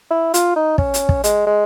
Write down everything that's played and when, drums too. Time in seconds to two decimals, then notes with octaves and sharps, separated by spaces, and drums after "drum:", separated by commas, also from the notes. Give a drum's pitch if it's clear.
0.11 E4
0.34 F4, drum: hi-hat
0.56 D#4
0.78 C#4, drum: kick
0.94 drum: hi-hat
1.09 drum: kick
1.24 G#3, drum: hi-hat
1.46 G#3